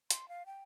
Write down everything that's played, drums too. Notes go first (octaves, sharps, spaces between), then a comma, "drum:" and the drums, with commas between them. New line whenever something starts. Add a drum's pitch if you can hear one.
C6, drum: hi-hat
F5
G5